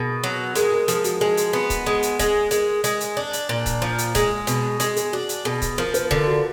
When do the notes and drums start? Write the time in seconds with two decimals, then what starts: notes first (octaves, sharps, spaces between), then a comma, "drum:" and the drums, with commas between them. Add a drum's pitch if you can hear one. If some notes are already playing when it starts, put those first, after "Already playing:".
Already playing: B2 G#4 A#4
0.24 F#3
0.55 G#3 A#4, drum: hi-hat
0.72 A#4
0.88 F3 G#4, drum: hi-hat
1.04 F#4, drum: hi-hat
1.21 G#3 G#4
1.37 drum: hi-hat
1.53 B3
1.70 drum: kick C#1, hi-hat
1.86 G#3
2.03 drum: hi-hat
2.19 G#3, drum: kick C#1, hi-hat
2.51 G#3 A#4, drum: hi-hat
2.84 G#3, drum: hi-hat
3.00 drum: hi-hat
3.17 D4
3.33 drum: hi-hat
3.49 A#2
3.66 drum: kick C#1, hi-hat
3.82 F3
3.98 drum: hi-hat
4.15 G#3, drum: kick C#1, hi-hat
4.47 B2, drum: hi-hat
4.80 G#3 G#4, drum: hi-hat
4.96 G#4, drum: hi-hat
5.12 D4 F#4
5.29 drum: hi-hat
5.45 B2 G#4
5.62 drum: kick C#1, hi-hat
5.78 F3 A#4
5.94 B4, drum: hi-hat
6.11 D3 A#4, drum: kick C#1
6.27 F#4